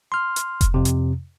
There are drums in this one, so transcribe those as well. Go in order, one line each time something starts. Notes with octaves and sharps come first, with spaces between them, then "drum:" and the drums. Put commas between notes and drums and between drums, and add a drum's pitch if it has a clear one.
C6 F6
drum: hi-hat
drum: kick F1, hi-hat
F2 C3
drum: hi-hat